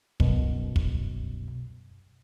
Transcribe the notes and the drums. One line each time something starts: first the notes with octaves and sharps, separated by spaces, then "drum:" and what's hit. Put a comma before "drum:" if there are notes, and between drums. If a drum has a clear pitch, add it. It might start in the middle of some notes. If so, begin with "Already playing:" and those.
C2 F#2 B2, drum: kick
drum: kick